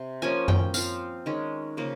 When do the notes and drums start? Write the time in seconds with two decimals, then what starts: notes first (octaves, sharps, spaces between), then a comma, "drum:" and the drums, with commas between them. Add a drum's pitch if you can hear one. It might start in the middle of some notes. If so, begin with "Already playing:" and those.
Already playing: C3
0.22 F3 A#3 C#4 G#5
0.48 G5, drum: tom F#2
0.74 F3 C4 F5, drum: tambourine
1.26 D#3 G#3 C#4
1.77 C#3 F3 A#3